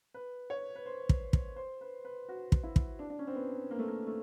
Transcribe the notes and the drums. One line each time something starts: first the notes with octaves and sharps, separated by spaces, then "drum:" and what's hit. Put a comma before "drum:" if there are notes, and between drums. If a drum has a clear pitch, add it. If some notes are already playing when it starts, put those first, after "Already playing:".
B4
C#5
B4
C5
drum: kick
drum: kick
C5
B4
B4
F#4
drum: kick
E4
drum: kick
D4
D4
C#4
C4
B3
A#3
A3
A#3
A3